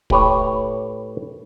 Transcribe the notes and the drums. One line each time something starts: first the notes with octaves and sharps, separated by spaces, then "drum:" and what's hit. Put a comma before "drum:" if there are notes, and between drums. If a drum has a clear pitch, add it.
A2 G4 B4 C#5, drum: kick